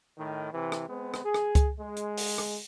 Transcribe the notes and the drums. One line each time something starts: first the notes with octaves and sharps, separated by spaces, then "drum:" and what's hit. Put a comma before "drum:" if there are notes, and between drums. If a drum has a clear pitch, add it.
A2 D#3
C3 E3
drum: rim click
G#3 B3 C4
drum: rim click
G#4
drum: rim click
drum: kick C#2, hi-hat
G#3
drum: hi-hat
drum: open hi-hat
drum: rim click